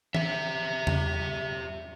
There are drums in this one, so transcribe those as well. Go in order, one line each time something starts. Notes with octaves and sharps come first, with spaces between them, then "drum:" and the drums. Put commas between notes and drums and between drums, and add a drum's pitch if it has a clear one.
G4 E5, drum: tom E3
drum: tom E2